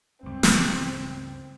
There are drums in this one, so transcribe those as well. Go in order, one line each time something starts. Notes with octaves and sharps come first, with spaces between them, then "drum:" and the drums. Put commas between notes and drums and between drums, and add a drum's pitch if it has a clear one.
C#2 G2 C4
drum: snare